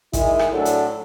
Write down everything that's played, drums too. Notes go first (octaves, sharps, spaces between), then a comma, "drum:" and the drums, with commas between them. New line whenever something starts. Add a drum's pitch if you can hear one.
D#3 G#3 E4, drum: kick A1, hi-hat
drum: rim click
A2 F#3 D4 A4
drum: hi-hat